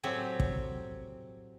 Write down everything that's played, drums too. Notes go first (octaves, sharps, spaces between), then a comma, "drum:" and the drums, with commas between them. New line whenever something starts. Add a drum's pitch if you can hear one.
A2 F#3 C4 G4 G#5
drum: kick